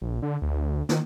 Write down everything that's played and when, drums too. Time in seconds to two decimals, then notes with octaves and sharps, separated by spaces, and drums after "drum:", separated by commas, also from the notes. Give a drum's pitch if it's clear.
0.02 A#1
0.22 D3
0.42 D2
0.89 D#3, drum: snare